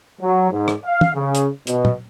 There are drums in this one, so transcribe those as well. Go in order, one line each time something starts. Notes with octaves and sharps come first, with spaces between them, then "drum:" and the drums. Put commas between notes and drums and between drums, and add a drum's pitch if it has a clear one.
F#3
G#2
drum: rim click
F5
drum: tom
C#3
drum: hi-hat
B2, drum: hi-hat
drum: tom